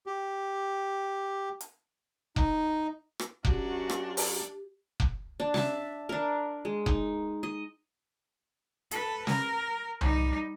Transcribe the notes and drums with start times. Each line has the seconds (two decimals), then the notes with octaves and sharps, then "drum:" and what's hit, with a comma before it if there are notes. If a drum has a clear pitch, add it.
0.06 G4
1.61 drum: hi-hat
2.36 D#4, drum: kick F1
3.19 drum: rim click
3.45 F#2 D4 F#4 G4, drum: kick F1
3.90 drum: rim click
4.17 drum: open hi-hat
5.00 drum: kick F1
5.40 D4
5.54 E5 A5, drum: snare
6.09 D4 A#4
6.65 G#3
6.86 D#4, drum: kick F1
7.43 D#5
8.91 A4 B4, drum: hi-hat
9.27 A#4, drum: snare
10.01 G3 D#4, drum: tom C2